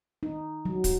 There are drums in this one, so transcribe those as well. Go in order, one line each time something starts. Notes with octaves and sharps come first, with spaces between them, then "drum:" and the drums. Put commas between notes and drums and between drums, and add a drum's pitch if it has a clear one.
D#4
F#3
drum: kick, hi-hat